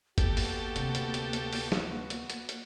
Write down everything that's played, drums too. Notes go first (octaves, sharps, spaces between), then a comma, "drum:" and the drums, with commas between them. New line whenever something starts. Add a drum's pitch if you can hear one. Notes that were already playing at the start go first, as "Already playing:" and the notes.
A#3 B3 F#4 G4 A4, drum: kick G1, hi-hat
drum: open hi-hat
D2 C3, drum: hi-hat
drum: hi-hat
drum: hi-hat
drum: hi-hat
drum: open hi-hat
drum: snare
drum: hi-hat
drum: hi-hat
drum: hi-hat